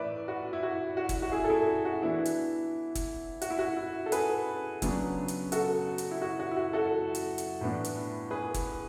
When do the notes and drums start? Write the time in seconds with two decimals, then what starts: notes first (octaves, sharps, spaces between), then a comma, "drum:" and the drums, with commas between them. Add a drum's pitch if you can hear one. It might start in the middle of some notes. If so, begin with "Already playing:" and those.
Already playing: A2 E3 B4 D5 E5
0.28 F#4
0.53 E4
0.63 F#4
0.97 F#4
1.09 drum: kick, hi-hat
1.22 F#4
1.32 E4 G#4
1.44 A4
1.50 E4 G#4
1.85 F#4
2.02 E3 B3 D4 E4
2.25 drum: hi-hat
2.95 drum: kick, hi-hat
3.42 F#4, drum: hi-hat
3.50 E4
3.59 F#4
3.76 E4
4.06 A4
4.12 G#4 B4, drum: hi-hat
4.82 C#3 F#3 B3 D4, drum: kick, hi-hat
5.28 drum: hi-hat
5.52 F#4 A4, drum: hi-hat
5.98 drum: hi-hat
6.11 E4
6.22 F#4
6.39 F#4
6.51 E4
6.57 F#4
6.73 F#4 A4
7.15 drum: hi-hat
7.38 drum: hi-hat
7.61 A2 E3 B3 D4
7.84 drum: hi-hat
8.31 G#4 B4
8.54 drum: kick, hi-hat